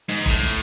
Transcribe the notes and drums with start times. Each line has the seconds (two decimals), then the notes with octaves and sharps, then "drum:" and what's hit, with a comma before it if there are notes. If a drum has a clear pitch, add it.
0.09 G#2
0.26 A2, drum: kick